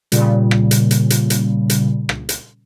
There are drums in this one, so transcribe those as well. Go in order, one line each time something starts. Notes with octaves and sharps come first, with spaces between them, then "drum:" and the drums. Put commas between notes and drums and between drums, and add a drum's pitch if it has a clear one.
A#2 C#3 G3, drum: hi-hat
drum: rim click
drum: hi-hat
drum: hi-hat
drum: hi-hat
drum: hi-hat
drum: hi-hat
drum: rim click
drum: hi-hat